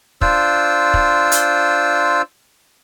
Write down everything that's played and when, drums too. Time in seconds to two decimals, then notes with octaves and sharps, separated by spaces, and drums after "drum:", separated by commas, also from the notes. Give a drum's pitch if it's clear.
0.21 D4 F4 C5 E6, drum: kick
0.94 drum: kick
1.32 drum: hi-hat